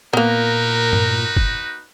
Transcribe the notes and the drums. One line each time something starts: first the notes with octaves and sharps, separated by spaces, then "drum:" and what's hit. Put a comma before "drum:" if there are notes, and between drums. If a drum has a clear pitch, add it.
A#2 A#3 B3 D#4 F#4 A#4 B4
drum: tom G2
drum: kick